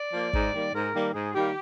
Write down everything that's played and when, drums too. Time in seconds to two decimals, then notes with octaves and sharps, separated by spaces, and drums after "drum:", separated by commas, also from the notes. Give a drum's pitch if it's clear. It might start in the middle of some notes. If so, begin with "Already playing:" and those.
Already playing: D5
0.13 F3 A#3
0.33 G#2, drum: kick
0.53 D#3 G3 A#3
0.73 G#2 A#4
0.94 D#3 G3 A#3
1.13 G#2 G#4
1.34 D#3 G3 A#3 G4